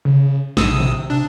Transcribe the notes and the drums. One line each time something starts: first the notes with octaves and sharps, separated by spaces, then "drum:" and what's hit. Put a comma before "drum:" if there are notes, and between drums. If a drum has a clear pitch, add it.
C#3
A#1 G#2 D#6 E6, drum: snare
C3
drum: tom A2
C3 D4